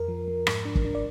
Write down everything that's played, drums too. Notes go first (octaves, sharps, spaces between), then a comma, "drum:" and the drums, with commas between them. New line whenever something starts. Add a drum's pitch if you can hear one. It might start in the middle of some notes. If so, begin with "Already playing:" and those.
Already playing: F2 A#4
F3
F3
G#2, drum: rim click
D4
drum: kick
D4
D5